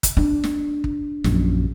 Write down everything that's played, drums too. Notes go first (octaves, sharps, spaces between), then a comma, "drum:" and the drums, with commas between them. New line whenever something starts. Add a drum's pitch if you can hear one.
drum: kick, hi-hat
D4
drum: snare
drum: kick
A#1 F#2, drum: snare